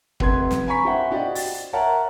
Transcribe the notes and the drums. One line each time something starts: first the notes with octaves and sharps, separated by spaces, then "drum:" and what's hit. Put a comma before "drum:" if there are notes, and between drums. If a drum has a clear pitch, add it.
F1 B4 C6 G#6, drum: kick
drum: snare
G#5 A#5 B5 C#6 B6
G4 C5 E5 F#5
F#4 G4 D5 D#5 F#5
A6, drum: open hi-hat
A#4 C#5 E5 F#5 A5 A#5